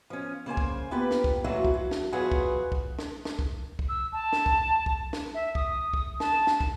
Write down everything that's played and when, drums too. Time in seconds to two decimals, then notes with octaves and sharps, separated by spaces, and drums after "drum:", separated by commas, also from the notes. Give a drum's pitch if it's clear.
0.10 F3 C#4
0.46 C#3 A#3 C5 G#5
0.57 drum: kick
0.91 A#3 B3 F4 G4 B4
1.11 drum: snare
1.24 drum: kick
1.44 E3 F#3 A3 A#3 F4 F#4
1.65 drum: kick
1.74 F#3
1.91 drum: snare
2.12 E2 F#3 F4 G#4 B4 F#5
2.32 drum: kick
2.72 drum: kick
2.99 drum: snare
3.25 drum: snare
3.39 drum: kick
3.79 drum: kick
3.89 E6
4.12 A5
4.33 drum: snare
4.46 drum: kick
4.86 drum: kick
5.13 drum: snare
5.34 E5
5.55 D#6, drum: kick
5.93 drum: kick
6.20 A5, drum: snare
6.47 drum: snare
6.60 drum: kick